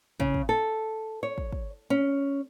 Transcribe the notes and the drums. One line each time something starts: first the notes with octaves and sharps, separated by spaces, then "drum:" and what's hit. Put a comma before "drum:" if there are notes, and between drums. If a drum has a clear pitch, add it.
C#3, drum: kick
drum: kick
A4
C#5
drum: kick
drum: kick
C#4